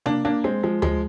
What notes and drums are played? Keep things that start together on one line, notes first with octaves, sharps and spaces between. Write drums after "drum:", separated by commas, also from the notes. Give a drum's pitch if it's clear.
A#3 D4, drum: tom C3
A#3 D4
G#3 C4
F3 G#3
F3 G#3, drum: tom D2